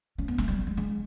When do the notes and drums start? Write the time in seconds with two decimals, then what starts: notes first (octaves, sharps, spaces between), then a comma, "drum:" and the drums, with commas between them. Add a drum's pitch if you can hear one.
0.18 C#4
0.28 B3
0.38 A3, drum: kick E1
0.48 G3
0.67 G#3
0.77 G#3